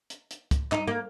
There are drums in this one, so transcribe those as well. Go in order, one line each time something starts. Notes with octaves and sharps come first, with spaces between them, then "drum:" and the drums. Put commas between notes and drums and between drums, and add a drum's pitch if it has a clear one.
drum: hi-hat
drum: hi-hat
drum: kick, hi-hat
D#4, drum: clap
A#3